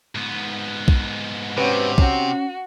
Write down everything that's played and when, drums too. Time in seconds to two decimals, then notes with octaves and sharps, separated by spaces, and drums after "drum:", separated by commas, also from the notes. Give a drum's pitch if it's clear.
0.15 G#2 B3
0.88 drum: kick B1
1.58 C3 C4 C#4 F#4 B4
1.98 C#4 F#4, drum: kick B1